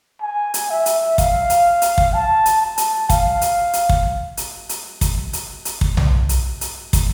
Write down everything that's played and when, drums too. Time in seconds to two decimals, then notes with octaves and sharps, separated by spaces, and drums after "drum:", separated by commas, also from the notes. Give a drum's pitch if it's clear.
0.21 G#5
0.54 drum: hi-hat
0.70 E5
0.86 drum: hi-hat
1.18 F5, drum: kick, hi-hat
1.50 drum: hi-hat
1.82 drum: hi-hat
1.98 drum: kick
2.14 A5
2.46 drum: hi-hat
2.62 A5
2.78 drum: hi-hat
3.10 F5, drum: kick, hi-hat
3.41 drum: hi-hat
3.73 drum: hi-hat
3.89 drum: kick
4.37 drum: hi-hat
4.69 drum: hi-hat
5.01 drum: kick, hi-hat
5.33 drum: hi-hat
5.65 drum: hi-hat
5.81 drum: kick
5.97 drum: tom B1
6.29 drum: hi-hat
6.61 drum: hi-hat
6.93 drum: kick, hi-hat